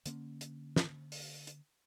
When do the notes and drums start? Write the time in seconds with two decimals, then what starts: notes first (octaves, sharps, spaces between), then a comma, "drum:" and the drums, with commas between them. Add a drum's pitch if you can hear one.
0.06 D3 A#3 C#4, drum: hi-hat
0.41 drum: hi-hat
0.76 drum: snare
1.12 drum: open hi-hat
1.47 drum: hi-hat